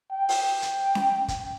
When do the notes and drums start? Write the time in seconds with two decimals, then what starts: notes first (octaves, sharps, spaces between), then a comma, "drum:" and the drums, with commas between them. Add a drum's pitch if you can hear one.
0.12 G5
0.29 drum: open hi-hat
0.62 drum: hi-hat
0.95 drum: snare C#4
1.28 drum: kick G1, hi-hat